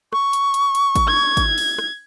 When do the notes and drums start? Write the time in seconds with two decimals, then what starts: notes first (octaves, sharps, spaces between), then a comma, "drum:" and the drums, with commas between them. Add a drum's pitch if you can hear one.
0.13 C#6, drum: rim click
0.33 drum: hi-hat
0.54 drum: hi-hat
0.75 drum: hi-hat
0.96 drum: kick G#1, hi-hat
1.07 G#6
1.37 drum: kick G#1, hi-hat
1.58 drum: open hi-hat
1.78 drum: rim click